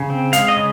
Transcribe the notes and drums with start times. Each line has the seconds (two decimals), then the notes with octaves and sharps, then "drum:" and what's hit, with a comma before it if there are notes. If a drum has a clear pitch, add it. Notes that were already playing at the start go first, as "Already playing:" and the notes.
Already playing: C#3
0.10 C4
0.33 G#3 F5, drum: hi-hat
0.48 D#5
0.57 C#3